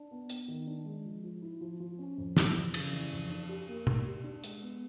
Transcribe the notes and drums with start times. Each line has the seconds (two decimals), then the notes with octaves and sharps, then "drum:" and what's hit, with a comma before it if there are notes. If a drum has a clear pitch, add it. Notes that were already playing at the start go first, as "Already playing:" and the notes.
Already playing: D4
0.11 B3
0.29 B3, drum: hi-hat
0.48 D#3
0.67 D4
0.86 G#3
1.05 F3
1.23 F3
1.42 E4
1.61 F3
1.80 F3
1.99 C#4
2.18 F2
2.37 E3, drum: snare
2.55 F2
2.74 C#3, drum: cymbal
2.93 E3
3.12 F2
3.30 D4
3.49 G4
3.68 A#3
3.87 A#3, drum: tom B2
4.05 G4
4.24 D4
4.44 G#3, drum: hi-hat
4.62 B3